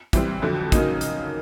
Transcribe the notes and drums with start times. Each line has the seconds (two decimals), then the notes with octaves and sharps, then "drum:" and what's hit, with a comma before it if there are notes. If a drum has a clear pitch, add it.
0.13 E3 G3 C4, drum: kick, hi-hat
0.42 F2 D3 F#3
0.72 C#3 F#3 A#3 D#4, drum: kick, hi-hat
1.01 drum: hi-hat